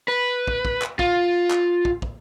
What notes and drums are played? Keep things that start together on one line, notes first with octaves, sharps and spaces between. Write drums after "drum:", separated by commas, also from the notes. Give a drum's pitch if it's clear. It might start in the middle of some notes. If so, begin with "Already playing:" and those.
B4
drum: kick
drum: kick
drum: clap
F4, drum: kick
drum: clap
drum: kick
drum: kick